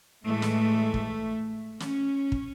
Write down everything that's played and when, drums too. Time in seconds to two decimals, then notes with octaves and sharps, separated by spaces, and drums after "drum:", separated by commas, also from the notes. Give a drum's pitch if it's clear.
0.24 A2 E3 G#3 A3
0.42 drum: snare
0.94 drum: kick
1.80 C#4, drum: snare
2.32 drum: kick